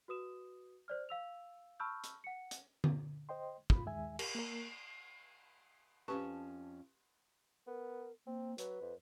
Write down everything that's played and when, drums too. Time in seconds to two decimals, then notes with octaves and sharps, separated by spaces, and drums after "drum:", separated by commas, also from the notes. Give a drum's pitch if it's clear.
0.08 F#4 B4 D#6 E7
0.88 C5 D5 F6
1.09 F5 E6 F7
1.80 A5 B5 C#6 E6 F6 G6
2.04 drum: hi-hat
2.24 F#5 C#7
2.51 drum: hi-hat
2.84 drum: tom D3
3.29 C5 D#5 G5 C6
3.70 D2 G#2 F4 B5, drum: kick
3.86 D#2 D#3 G#3 E5 G#5
4.19 G4 A#4, drum: cymbal
4.35 A#3 A#4
6.08 F2 C#4 G4 B4 A5 C#6
7.67 B3 A#4
8.27 A#3 C4
8.58 F#3 B4, drum: hi-hat
8.82 F2